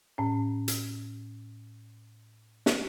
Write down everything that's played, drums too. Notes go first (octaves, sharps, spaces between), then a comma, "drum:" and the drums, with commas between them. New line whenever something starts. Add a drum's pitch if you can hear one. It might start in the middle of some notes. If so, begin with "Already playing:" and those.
A2 C#4
drum: hi-hat
drum: snare